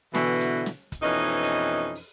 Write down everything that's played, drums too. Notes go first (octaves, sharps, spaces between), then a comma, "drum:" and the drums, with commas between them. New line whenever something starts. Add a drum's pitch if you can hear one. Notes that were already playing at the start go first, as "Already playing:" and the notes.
B2 D3 E3, drum: snare
drum: hi-hat
drum: snare
drum: kick, hi-hat
F2 B2 E3 C#4 D#4 D#5
drum: hi-hat
drum: open hi-hat